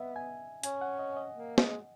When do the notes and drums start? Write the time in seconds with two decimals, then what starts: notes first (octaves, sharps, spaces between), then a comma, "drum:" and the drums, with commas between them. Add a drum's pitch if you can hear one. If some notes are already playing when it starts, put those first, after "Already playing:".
Already playing: B3 D#5 E5
0.16 G#5
0.63 C#4 G#5, drum: hi-hat
0.81 F#5
0.99 D#5
1.17 D#5
1.35 A#3
1.58 G#3, drum: snare